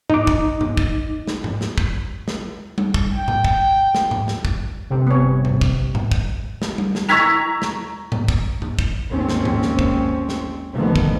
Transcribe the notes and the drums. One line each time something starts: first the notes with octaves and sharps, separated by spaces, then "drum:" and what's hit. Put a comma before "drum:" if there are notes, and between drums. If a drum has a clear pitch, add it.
D#4 D6, drum: tom G#2
drum: kick
drum: tom G#2
drum: kick
drum: snare
drum: tom G#2
drum: snare
drum: kick
drum: snare
drum: tom G3
drum: kick
G5
drum: tom G#2
drum: kick
drum: snare
drum: tom G#2
drum: snare
drum: kick
G1 C3
B3 C#5
drum: tom G#2
drum: kick
drum: tom G#2
drum: kick
drum: snare
drum: tom G3
drum: snare
A#5 C#6 E6 G#6 B6 F7
drum: snare
drum: tom G#2
drum: kick
drum: tom G#2
drum: kick
G#1 D#2 C4 C#4
drum: snare
drum: tom G#2
drum: snare
drum: kick
drum: snare
D2 B2 D3 D#3 F3 B3
drum: kick